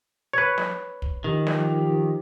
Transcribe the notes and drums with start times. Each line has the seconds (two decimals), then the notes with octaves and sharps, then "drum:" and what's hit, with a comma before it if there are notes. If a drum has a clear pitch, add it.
0.33 B4 C#5
0.58 drum: snare
1.02 drum: kick
1.24 D#3 F3 G4
1.47 drum: snare